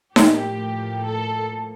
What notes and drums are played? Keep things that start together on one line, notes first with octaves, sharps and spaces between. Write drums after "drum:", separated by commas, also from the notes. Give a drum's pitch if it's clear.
A2 F3 A#3 G4, drum: snare D#4
A4